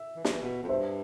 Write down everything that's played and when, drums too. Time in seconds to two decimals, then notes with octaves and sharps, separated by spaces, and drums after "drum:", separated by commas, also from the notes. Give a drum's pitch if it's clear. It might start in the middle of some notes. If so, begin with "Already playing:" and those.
Already playing: E5
0.16 E3
0.25 F3, drum: snare
0.32 E3
0.42 B2
0.63 F2
0.69 G2 C5 E5